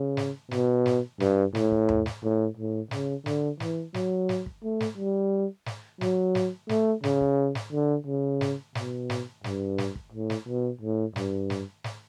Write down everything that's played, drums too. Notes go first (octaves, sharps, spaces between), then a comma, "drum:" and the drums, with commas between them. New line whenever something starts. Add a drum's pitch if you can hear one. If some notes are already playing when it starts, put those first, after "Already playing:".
Already playing: C#3
drum: snare
B2, drum: snare
drum: snare
G2, drum: snare
A2, drum: snare
drum: kick
drum: tom E2
drum: snare
A2
A2
C#3, drum: snare
D3, drum: snare
E3, drum: snare
F#3, drum: snare
drum: snare
drum: kick
A3
drum: snare
G3
drum: snare
F#3, drum: snare
drum: snare
A3, drum: snare
C#3, drum: snare
drum: kick
drum: snare
D3
C#3
drum: snare
B2, drum: snare
drum: snare
G2, drum: snare
drum: snare
drum: kick
A2
drum: snare
B2
A2
G2, drum: snare
drum: snare
drum: snare